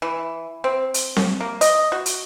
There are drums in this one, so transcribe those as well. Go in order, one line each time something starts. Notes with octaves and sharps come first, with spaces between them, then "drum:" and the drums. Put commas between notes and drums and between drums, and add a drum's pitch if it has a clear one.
E3
C4
drum: hi-hat
drum: snare C4
A#3
D#5, drum: hi-hat
F#4
drum: hi-hat